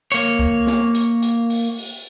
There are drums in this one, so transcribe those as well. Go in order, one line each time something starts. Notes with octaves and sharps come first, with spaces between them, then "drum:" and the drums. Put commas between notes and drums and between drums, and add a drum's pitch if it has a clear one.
A#3 C#5, drum: hi-hat
drum: kick C2
drum: snare
drum: hi-hat
drum: hi-hat
drum: open hi-hat
drum: open hi-hat